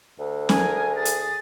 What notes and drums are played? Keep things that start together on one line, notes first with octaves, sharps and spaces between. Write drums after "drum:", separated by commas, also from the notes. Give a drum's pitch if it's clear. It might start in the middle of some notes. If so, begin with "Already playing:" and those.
D2
G#4 A#4 G#5, drum: snare C#4
G#4 A6
drum: hi-hat